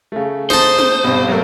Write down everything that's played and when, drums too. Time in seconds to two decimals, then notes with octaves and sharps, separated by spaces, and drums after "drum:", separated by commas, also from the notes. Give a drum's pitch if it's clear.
0.12 C#3 A3
0.50 D#4 C5 A5, drum: snare
0.78 drum: snare
1.04 B1 G2 C3
1.28 F#3 A3 A#4